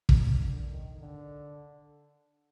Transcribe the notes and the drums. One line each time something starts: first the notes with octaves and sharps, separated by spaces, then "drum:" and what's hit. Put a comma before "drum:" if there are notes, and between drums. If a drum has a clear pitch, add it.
A#2, drum: kick
D3
D#3
D3